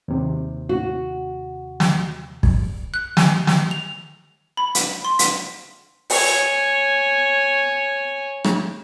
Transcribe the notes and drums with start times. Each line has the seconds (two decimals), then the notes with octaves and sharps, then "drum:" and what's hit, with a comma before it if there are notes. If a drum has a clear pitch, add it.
0.08 D#2 C3
0.69 F#4
1.80 drum: snare
2.43 drum: kick
2.94 F#6
3.17 G#5, drum: snare
3.47 drum: snare
3.71 F7
4.57 B5
4.75 drum: hi-hat
5.05 C6
5.19 B6, drum: hi-hat
6.10 C#5 G#5, drum: open hi-hat
8.44 drum: rim click